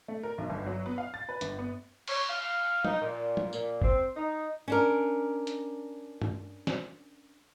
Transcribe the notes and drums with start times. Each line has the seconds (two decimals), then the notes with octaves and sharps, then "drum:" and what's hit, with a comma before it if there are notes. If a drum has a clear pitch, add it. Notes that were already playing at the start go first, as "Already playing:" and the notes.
0.08 A3
0.23 A#4
0.38 B1
0.50 G1
0.66 F#3
0.86 B3
0.98 F5
1.14 A6
1.29 B4
1.41 G1, drum: hi-hat
1.59 B3
2.08 C#5, drum: cymbal
2.29 F5
2.85 D#4, drum: tom F3
3.00 A#2
3.37 drum: tom F3
3.53 A#2, drum: tambourine
3.82 C4, drum: kick G1
4.15 D#4
4.68 C#4 D4 A#4
5.47 drum: hi-hat
6.22 drum: tom G2
6.67 drum: snare